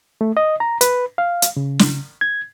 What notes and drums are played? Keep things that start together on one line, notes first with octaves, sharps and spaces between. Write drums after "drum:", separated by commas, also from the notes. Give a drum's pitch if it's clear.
A3
D#5
A#5
B4, drum: hi-hat
F5
drum: hi-hat
C#3
drum: snare
G#6